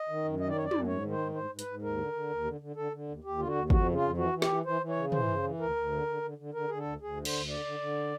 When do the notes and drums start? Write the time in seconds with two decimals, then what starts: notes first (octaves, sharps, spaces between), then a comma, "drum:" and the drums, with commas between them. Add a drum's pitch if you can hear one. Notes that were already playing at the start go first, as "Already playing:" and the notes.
Already playing: D#5
0.09 D#3
0.24 F#2
0.40 D#3 D#5
0.49 D5
0.56 F#2 C#5
0.64 D5
0.71 F#2, drum: tom
0.87 G#2 C#5
1.03 D#3
1.11 C5
1.18 G#2
1.34 G#2 C5
1.50 G#2
1.59 B4, drum: hi-hat
1.66 G#2
1.82 D#2 A#4
1.97 D3
2.13 D3
2.30 D#2
2.44 D3
2.60 D3
2.76 D3 A4
2.92 D3
3.08 D#2
3.24 D#2 G4
3.38 D3 F4
3.47 F#4
3.55 D#2
3.70 F2 F#4, drum: kick
3.86 C#3
3.94 F4
4.02 F2
4.17 E3 F#4
4.34 E3
4.42 G4, drum: snare
4.49 E3
4.65 E3 C5
4.81 E3
4.89 C#5
4.96 C#3
5.12 E3 C5, drum: tom
5.28 C#3
5.43 E3
5.60 D2 A#4
5.76 D2
5.92 D3
6.07 D3
6.22 D3
6.38 D3
6.54 D3 A#4
6.68 D3 G#4
6.78 A4
6.86 D2
7.01 D2 G#4
7.17 D3
7.25 C5, drum: cymbal
7.32 D2
7.48 D3 D5
7.65 D3
7.79 D3